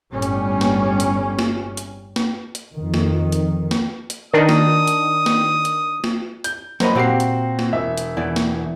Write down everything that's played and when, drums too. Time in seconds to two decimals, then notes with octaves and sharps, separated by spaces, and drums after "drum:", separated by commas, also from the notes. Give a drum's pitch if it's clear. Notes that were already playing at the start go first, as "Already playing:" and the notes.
0.12 G1 A2 G3 C#4
0.22 drum: hi-hat
0.61 drum: snare
1.00 drum: hi-hat
1.39 drum: snare
1.77 drum: hi-hat
2.16 drum: snare
2.55 drum: hi-hat
2.73 F2 D#3
2.94 drum: snare
3.32 drum: hi-hat
3.71 drum: snare
4.10 drum: hi-hat
4.34 D#3 D4 D#4 D#6
4.49 drum: snare
4.87 drum: hi-hat
5.26 drum: snare
5.65 drum: hi-hat
6.04 drum: snare
6.44 G6, drum: hi-hat
6.80 F#3 A#4 C5 D#5 B5, drum: snare
6.95 A#2 C4 F#4 G4 A#5 C7
7.20 drum: hi-hat
7.59 drum: snare
7.72 E1 E5
7.98 drum: hi-hat
8.17 E2 E4 D5
8.36 drum: snare